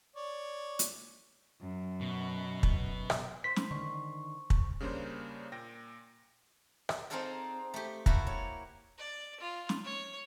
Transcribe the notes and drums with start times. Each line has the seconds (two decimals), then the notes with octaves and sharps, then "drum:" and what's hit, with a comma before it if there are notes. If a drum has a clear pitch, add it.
0.16 C#5 D5
0.79 drum: hi-hat
1.61 F#2
2.01 B2
2.63 drum: kick
3.10 drum: rim click
3.44 C5 B6
3.56 drum: snare
3.71 D3 D#3 C#6
4.50 drum: kick
4.80 C#3 G3 A#3 C#4 D4 C5
5.52 A#2 G5 A#6
6.89 drum: rim click
7.10 C4 D#4 F4 G#4 A4 D5
7.74 A3 G4
8.06 A#3 E4 F#4 G4 A4, drum: kick
8.27 C#5
8.98 D5
9.40 F4
9.69 drum: snare
9.84 C#5